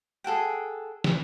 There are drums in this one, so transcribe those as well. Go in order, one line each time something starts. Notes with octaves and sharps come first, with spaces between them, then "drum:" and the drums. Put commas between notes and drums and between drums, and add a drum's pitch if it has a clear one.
G#4 A4 F#5 G5
drum: snare